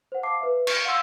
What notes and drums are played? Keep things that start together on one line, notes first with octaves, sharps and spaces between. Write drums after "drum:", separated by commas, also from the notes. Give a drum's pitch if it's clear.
C5 F#5
F5 A5 D6 C7
B4 E5
C#6 F6 C#7, drum: cymbal
F5 F#5 C6 E6